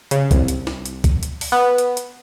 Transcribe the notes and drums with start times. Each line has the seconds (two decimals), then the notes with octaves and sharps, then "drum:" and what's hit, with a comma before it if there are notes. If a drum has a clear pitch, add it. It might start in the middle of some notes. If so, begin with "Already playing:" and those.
0.11 C#3, drum: hi-hat
0.31 C2, drum: kick, hi-hat
0.48 drum: hi-hat
0.67 drum: snare E4
0.86 drum: hi-hat
1.04 drum: kick, hi-hat
1.23 drum: hi-hat
1.41 drum: open hi-hat
1.52 B3
1.78 drum: hi-hat
1.97 drum: hi-hat